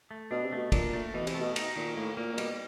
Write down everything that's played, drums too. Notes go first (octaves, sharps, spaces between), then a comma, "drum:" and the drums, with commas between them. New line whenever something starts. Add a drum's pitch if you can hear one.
A3
B2 D4
C3
A3
B2
A#2 D4, drum: kick, cymbal
A3
B2 E3
C3, drum: cymbal
A3
B2
D#4, drum: cymbal
A#2 D#3
A2 A#3
A#2 A#3
A#2
B2 G3, drum: cymbal